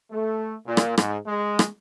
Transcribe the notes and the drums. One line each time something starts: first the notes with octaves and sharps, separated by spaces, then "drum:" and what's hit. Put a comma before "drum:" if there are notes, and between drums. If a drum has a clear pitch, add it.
A3
A#2
drum: rim click
G#2, drum: rim click
G#3
drum: rim click